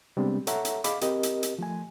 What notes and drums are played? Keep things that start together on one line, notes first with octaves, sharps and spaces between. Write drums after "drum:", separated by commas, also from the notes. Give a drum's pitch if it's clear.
C3 G3 G#3 B3 C4 D4
A4 C#5 E5 F#5 A#5, drum: hi-hat
drum: hi-hat
G#4 D#5 F5 B5 D6, drum: hi-hat
C4 G4 A#4 D#5, drum: hi-hat
drum: hi-hat
drum: hi-hat
F3 A3 G#5